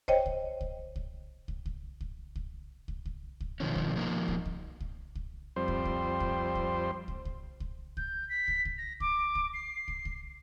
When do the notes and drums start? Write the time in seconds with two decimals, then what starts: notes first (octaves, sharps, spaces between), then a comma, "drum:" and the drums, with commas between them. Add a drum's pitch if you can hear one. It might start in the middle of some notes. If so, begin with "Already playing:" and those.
0.08 C5 C#5 D#5 G5, drum: kick
0.26 drum: kick
0.61 drum: kick
0.96 drum: kick
1.48 drum: kick
1.66 drum: kick
2.01 drum: kick
2.36 drum: kick
2.88 drum: kick
3.06 drum: kick
3.41 drum: kick
3.60 B2 D#3 F3 C#4
3.75 drum: kick
3.96 F3 A#3 D#4
4.28 drum: kick
4.45 drum: kick
4.80 drum: kick
5.15 drum: kick
5.56 F2 G3 C4 C5
5.68 drum: kick
5.85 drum: kick
6.20 drum: kick
6.55 drum: kick
7.08 drum: kick
7.25 drum: kick
7.60 drum: kick
7.97 G6, drum: kick
8.29 B6
8.48 drum: kick
8.65 drum: kick
8.78 A#6
9.00 D6, drum: kick
9.35 drum: kick
9.53 C7
9.88 drum: kick
10.05 drum: kick